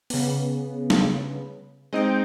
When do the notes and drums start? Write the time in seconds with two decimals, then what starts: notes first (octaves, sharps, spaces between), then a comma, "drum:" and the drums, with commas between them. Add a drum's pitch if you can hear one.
0.10 C#3 B3, drum: open hi-hat
0.90 drum: snare
1.93 G#3 C4 D#4 D#5 G5